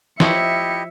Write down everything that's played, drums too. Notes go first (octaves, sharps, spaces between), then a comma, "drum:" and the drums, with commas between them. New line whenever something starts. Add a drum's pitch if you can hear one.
F3 E4 G4 C#5 D#5 E5 C#7, drum: snare